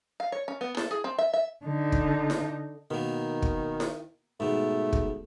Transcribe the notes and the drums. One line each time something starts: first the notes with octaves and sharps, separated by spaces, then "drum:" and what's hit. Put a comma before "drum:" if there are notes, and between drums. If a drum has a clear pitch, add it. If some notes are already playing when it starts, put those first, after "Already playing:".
F5
C#5
C#4
B3
A4, drum: snare E4
G#4
C4
E5
E5
D3 D#4
drum: kick
drum: snare E4
B2 D#3 A#3
drum: kick
drum: snare E4
G#2 B2 A3
drum: kick